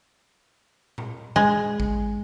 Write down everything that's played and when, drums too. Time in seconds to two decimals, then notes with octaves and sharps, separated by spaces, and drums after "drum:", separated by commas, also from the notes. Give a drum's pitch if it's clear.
0.98 drum: tom A#2
1.36 G#3
1.80 drum: kick A1